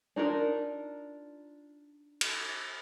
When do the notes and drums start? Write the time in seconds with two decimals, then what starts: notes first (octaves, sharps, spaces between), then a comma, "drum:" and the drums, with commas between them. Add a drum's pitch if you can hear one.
0.16 D4 D#4 F4 A#4
2.21 drum: cymbal